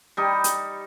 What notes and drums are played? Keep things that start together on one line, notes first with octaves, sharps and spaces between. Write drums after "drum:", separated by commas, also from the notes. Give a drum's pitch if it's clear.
G3 D#4
drum: hi-hat